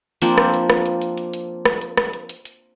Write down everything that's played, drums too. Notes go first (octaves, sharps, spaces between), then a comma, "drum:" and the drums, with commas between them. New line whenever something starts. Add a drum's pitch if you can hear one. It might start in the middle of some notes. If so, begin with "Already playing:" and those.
F3 A#3 C4 D4, drum: hi-hat
drum: rim click
drum: hi-hat
drum: rim click
drum: hi-hat
drum: hi-hat
drum: hi-hat
drum: hi-hat
drum: rim click
drum: hi-hat
drum: rim click
drum: hi-hat
drum: hi-hat
drum: hi-hat